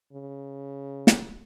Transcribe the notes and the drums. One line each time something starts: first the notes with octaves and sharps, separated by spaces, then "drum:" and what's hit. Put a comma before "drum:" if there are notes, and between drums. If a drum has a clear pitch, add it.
C#3
drum: snare